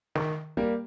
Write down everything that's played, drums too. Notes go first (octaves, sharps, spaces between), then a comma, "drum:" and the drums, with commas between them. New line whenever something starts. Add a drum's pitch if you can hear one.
D#3, drum: snare
G3 A#3 G4